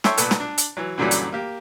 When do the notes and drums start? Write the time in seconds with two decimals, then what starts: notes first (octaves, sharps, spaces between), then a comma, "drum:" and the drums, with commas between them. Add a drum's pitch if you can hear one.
0.04 A4 C#5 E5 G5 C6 C#6, drum: snare
0.17 B1 A#2 A4 B4, drum: hi-hat
0.31 drum: snare
0.40 D4
0.58 drum: hi-hat
0.77 E3 F#3
0.98 F#2 A#2 D3 E3 F#3 G3
1.11 drum: hi-hat
1.33 A#3 G4